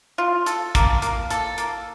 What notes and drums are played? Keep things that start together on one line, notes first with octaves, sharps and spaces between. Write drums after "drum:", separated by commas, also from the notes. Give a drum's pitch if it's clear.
F4
A4, drum: hi-hat
A#3, drum: kick, hi-hat
A#3, drum: hi-hat
A4, drum: hi-hat
A#3, drum: hi-hat